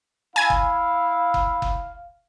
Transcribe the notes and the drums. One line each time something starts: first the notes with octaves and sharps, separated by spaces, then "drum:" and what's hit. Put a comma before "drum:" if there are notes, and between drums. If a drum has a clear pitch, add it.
E4 F5 G#5 G#6
drum: kick F#1
drum: kick F#1
drum: kick F#1